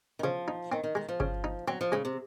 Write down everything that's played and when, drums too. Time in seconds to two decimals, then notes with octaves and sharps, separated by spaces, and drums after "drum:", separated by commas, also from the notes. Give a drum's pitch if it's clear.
0.19 D#3
0.23 C#3 F3
0.48 D#4
0.72 D#3 C4
0.84 D#3
0.95 D#3 G#3
1.09 F3
1.20 C#3, drum: kick G1
1.44 D#4
1.67 F#3 C4
1.81 F3
1.92 C#3 G#3
2.05 C3